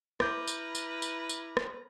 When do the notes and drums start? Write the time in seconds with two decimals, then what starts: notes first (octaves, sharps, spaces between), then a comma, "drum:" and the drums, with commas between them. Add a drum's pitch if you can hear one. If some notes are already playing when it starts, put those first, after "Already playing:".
0.20 E4 B4 A#5 D6 F6 G6, drum: rim click
0.47 drum: tambourine
0.75 drum: tambourine
1.02 drum: tambourine
1.29 drum: tambourine
1.57 drum: rim click